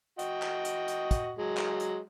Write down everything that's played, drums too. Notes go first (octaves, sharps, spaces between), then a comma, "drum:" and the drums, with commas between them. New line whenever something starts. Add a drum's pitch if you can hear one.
F#4 D#5 G5, drum: hi-hat
drum: clap
drum: hi-hat
drum: hi-hat
drum: kick, hi-hat
F#3 G#3
drum: clap
drum: hi-hat